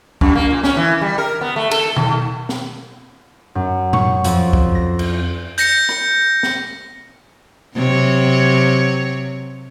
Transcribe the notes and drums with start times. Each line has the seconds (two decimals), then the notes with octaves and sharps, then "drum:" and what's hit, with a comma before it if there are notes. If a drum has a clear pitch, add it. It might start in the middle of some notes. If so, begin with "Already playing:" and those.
0.21 F#2, drum: kick
0.35 A#3
0.51 A#2
0.63 C#4, drum: snare
0.77 E3
1.01 G3
1.18 A#4
1.41 B3
1.56 A3
1.71 A4, drum: cymbal
1.96 D#2, drum: tom B2
2.49 drum: snare
3.55 F#2
3.93 C#6, drum: tom A2
4.24 F2, drum: hi-hat
4.53 drum: kick
4.75 A#6
4.99 drum: cymbal
5.58 G6 A#6 C#7, drum: hi-hat
5.89 drum: rim click
6.43 drum: snare
7.75 C3 F#3 C#5